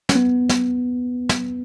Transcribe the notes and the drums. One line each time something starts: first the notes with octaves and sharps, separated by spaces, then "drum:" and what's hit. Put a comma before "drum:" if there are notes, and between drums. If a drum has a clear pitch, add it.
C#4, drum: snare
B3
drum: snare
drum: snare